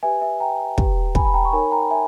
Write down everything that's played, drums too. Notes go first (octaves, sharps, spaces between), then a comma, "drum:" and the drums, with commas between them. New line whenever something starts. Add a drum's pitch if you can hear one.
G4 B4 E5 G#5
E5 G#5
G5 A#5
G4 B4, drum: kick
G#5 B5, drum: kick
B5
G5 A#5
C#6
D#4 A#4 C#5 G#5 B5
G5 A#5
E5 G#5